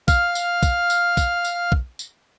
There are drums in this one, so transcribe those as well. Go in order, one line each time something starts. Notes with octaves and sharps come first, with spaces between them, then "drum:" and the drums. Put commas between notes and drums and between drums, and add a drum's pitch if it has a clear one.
F5 F6, drum: kick, tambourine
drum: tambourine
drum: kick, tambourine
drum: tambourine
drum: kick, tambourine
drum: tambourine
drum: kick
drum: tambourine